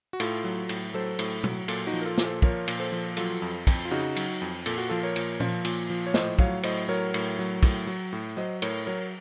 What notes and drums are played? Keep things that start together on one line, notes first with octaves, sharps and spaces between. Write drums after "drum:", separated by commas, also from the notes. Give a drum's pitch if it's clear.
F#4
A2 F4 A4, drum: cymbal
F#3
A2, drum: cymbal
F#3 A4 C5
A2, drum: cymbal
F#3, drum: tom
A#2 F4 A4, drum: cymbal
D#4 F#4
F3
A#4
F4 A4
A#2, drum: snare
A4 C5
F3 A#4 C#5, drum: kick
A#2, drum: cymbal
A4 C5
F3
F#3 F4 A4, drum: cymbal
F2
F2, drum: kick, cymbal
F4
C#3 D#4 F#4
F#3, drum: cymbal
F2
A#2 A4, drum: cymbal
F#4
F3 F4 A4
A#4 C#5
A#2, drum: cymbal
F3, drum: tom
A#2, drum: cymbal
F3
C#5
A2 C5 D#5, drum: snare
F#3 C#5 F5, drum: kick
A2 C5 D#5, drum: cymbal
F#3 A#4 C#5
A2, drum: cymbal
F#3
A2, drum: kick, cymbal
F#3
A2
F#3 C5 D#5
A2 A#4 C#5, drum: cymbal
F#3 A#4 C#5